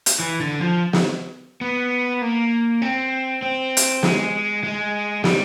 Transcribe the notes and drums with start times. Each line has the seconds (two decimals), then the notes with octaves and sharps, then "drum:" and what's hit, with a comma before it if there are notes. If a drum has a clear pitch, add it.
0.06 drum: hi-hat
0.20 E3
0.41 D3
0.61 F3
0.93 drum: snare
1.61 B3
2.22 A#3
2.82 C4
3.42 C4
3.77 drum: hi-hat
4.03 G#3, drum: snare
4.64 G#3
5.24 G3, drum: snare